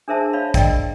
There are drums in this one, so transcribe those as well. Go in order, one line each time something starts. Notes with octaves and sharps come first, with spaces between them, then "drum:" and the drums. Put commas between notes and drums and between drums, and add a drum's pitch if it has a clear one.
D4 G#4 A#4 C5 E5 A5
C#5 F5 B5
A#4 D5 D#5 G5, drum: kick, hi-hat